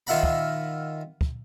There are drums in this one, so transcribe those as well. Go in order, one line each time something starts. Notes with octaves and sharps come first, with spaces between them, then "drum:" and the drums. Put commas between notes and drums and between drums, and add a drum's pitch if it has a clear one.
D#3 F4 E5 F#5 A#5 B5
drum: kick
drum: kick